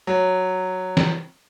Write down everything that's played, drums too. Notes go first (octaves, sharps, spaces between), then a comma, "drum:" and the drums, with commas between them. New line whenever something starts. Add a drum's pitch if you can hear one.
F#3
drum: snare E3